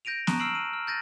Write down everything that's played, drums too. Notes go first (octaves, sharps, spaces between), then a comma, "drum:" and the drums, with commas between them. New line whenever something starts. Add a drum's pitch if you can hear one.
G6 A#6 D7 D#7 F7
A5 A#5 C#6 D#6 F#6, drum: snare B3
E6 F6 C7 D7 E7 F#7
D#7
F6
G6 A6 A#6 D#7